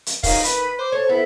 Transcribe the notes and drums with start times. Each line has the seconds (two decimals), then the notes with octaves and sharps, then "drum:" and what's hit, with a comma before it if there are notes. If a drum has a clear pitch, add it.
0.06 drum: hi-hat
0.23 D#3 D#4 C#5 F5, drum: kick, open hi-hat
0.44 B4 B5, drum: hi-hat
0.79 C5 D6
0.92 A4 C5 C#5
1.09 B3 E4 A4 B5